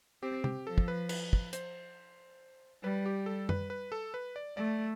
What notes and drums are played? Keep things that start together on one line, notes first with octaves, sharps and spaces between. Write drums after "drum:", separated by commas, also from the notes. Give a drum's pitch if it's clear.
C4 G4
G4, drum: tom C3
F3 A4
drum: kick
B4
B4, drum: cymbal
drum: kick
C5, drum: hi-hat
G3 B4
G4
A4
B4, drum: tom F#2
B4
A4
B4
D5
A3 D5